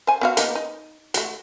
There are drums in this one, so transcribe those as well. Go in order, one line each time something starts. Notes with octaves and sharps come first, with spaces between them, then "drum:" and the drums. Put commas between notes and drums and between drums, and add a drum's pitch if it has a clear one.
C5 G#5
B3 F#4 F5
A#3 B3 D#4, drum: hi-hat
D#4
A3 F#4, drum: hi-hat